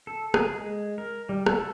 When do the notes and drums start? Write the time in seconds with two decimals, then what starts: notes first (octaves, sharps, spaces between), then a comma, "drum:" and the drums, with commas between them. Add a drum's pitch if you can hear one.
0.07 A4
0.34 G#4, drum: rim click
0.54 G#3
0.98 A#4
1.29 G3
1.46 A4, drum: rim click